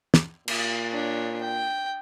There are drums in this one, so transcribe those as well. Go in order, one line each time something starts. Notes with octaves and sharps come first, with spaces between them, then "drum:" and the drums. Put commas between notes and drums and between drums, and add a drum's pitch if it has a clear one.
drum: snare
A#2, drum: cymbal
D4 C#5
G5